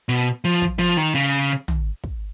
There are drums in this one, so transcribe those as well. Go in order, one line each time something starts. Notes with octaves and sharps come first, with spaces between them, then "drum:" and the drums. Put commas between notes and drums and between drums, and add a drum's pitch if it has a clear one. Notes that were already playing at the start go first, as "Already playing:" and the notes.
B2
F3
drum: kick
F3
D#3
C#3
drum: tom
drum: kick